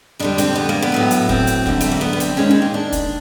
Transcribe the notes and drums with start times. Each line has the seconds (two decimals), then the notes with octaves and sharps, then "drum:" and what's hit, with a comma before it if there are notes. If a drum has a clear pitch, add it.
0.19 F2 D3 G3 D4
0.38 C4, drum: hi-hat
0.56 B3
0.69 A#3
0.82 B3
0.92 A2 F#3 A3
1.11 drum: hi-hat
1.29 C4, drum: kick
1.47 drum: hi-hat
1.66 F#2 D3 G3, drum: kick
1.81 A3, drum: hi-hat
1.91 A#3
2.01 B3
2.13 B3
2.20 C4, drum: hi-hat
2.37 D#2 D#3 G#3 C#4
2.51 C4
2.62 A#3
2.74 D4
2.92 drum: kick, hi-hat